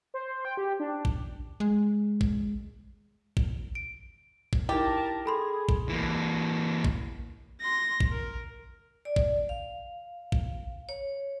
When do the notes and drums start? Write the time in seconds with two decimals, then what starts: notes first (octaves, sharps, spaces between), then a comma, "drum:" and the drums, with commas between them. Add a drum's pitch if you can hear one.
0.14 C5
0.45 G5
0.57 G4
0.80 D4
1.05 drum: kick G#1
1.60 G#3
2.21 drum: kick G#1
3.37 drum: kick G#1
3.75 D7
4.53 drum: kick G#1
4.69 D#4 E4 G4 A#4 A5
5.26 G#4 A4 B5 C6
5.69 drum: kick G#1
5.89 E3 A#3
6.85 drum: kick G#1
7.61 C6 A#6
8.00 drum: kick G#1
8.12 A#4
9.05 D5
9.16 drum: kick G#1
9.49 F5
10.32 drum: kick G#1
10.89 C#5